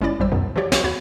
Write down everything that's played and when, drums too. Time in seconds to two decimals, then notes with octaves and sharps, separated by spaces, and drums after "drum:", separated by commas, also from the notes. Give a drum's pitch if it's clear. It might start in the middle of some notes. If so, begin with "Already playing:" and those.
0.01 G1 G#3 C#4 E4 D5 A6
0.19 G#1 F2 G3 C5 E6
0.32 C#2 F#2 B2 D#3
0.56 E3 F3 F#4 G4 C#5 D5
0.72 C2 F#4, drum: snare
0.84 D#2 F#4 B5 G#6